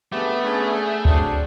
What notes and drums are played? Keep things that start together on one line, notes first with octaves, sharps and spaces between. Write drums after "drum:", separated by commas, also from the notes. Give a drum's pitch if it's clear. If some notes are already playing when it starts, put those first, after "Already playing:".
A3 B3 C4 D4 G4 G#4
C#4 D4 G#4
F#3 C4 D4 F#4 G#4, drum: kick D2